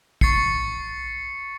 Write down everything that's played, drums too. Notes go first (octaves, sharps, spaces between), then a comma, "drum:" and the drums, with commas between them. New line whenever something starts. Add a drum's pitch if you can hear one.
C#6 A6 C7 C#7, drum: kick